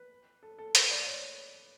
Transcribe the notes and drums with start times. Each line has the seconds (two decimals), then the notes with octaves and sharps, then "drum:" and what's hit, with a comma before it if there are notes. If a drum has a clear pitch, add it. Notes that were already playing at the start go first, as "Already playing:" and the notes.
Already playing: B4
0.43 A4
0.59 A4
0.75 B4, drum: hi-hat
0.91 D5
1.07 C#5